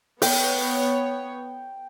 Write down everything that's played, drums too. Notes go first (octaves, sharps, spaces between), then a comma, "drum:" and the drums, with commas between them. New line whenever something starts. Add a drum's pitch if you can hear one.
B3 C#5 G5, drum: open hi-hat